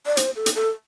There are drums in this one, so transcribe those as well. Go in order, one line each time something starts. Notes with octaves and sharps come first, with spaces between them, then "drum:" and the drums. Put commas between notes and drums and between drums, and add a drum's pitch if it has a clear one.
D5
C5, drum: hi-hat
A4
drum: hi-hat
A4